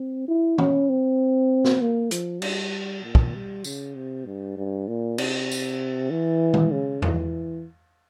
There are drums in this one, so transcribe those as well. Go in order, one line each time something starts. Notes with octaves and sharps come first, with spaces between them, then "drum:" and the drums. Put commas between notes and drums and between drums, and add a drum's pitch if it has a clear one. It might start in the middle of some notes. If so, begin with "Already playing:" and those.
Already playing: C4
E4
C#4, drum: tom
C4
drum: snare
A#3
F3, drum: hi-hat
G3, drum: cymbal
A#2
drum: kick
G3
C#3, drum: tambourine
C3
G2
G2
A#2
C3, drum: cymbal
drum: tambourine
E3
drum: tom D#3
C#3
E3, drum: tom E2